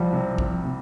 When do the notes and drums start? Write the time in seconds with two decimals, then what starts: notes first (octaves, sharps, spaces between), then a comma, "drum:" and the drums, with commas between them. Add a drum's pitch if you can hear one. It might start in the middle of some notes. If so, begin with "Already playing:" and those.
Already playing: C2 F3 G3
0.13 C3
0.38 C3, drum: kick
0.65 C3